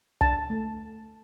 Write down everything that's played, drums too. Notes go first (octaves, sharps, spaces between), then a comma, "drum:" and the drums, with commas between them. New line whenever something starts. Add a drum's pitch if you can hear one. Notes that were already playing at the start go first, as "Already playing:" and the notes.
D4 A5, drum: kick
A3